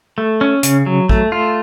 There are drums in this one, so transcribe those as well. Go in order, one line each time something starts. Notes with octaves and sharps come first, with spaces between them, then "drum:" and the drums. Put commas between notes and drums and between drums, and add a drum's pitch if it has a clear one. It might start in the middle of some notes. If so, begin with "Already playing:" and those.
A3
C#4
C#3, drum: hi-hat
F#3
A3, drum: kick
F4